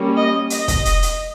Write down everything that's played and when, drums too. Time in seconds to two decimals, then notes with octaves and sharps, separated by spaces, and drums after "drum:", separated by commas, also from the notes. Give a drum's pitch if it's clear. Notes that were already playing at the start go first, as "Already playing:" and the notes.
Already playing: G3 A#3 C#4
0.16 D#5
0.50 D#5, drum: hi-hat
0.68 drum: kick, hi-hat
0.85 drum: hi-hat
1.03 drum: hi-hat